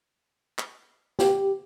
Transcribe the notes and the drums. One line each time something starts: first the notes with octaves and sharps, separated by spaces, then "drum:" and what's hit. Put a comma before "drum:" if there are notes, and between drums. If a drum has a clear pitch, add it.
drum: clap
G4, drum: snare